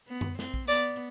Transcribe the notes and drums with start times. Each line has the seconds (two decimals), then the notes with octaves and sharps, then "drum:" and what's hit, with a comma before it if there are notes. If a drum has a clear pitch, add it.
0.08 B3
0.21 drum: tom F#2
0.39 C4, drum: snare
0.54 drum: kick A#1
0.68 B3 D5